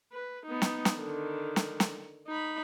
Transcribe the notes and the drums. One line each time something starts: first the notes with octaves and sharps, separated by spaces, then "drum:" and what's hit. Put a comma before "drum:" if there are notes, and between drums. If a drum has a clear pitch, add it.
B4
B3 D#4
drum: snare
drum: snare
D3 D#3
drum: snare
drum: snare
D#4 B5